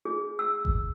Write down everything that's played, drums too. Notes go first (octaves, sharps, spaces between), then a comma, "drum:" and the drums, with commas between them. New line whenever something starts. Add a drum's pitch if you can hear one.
G#4
E6
drum: kick F#1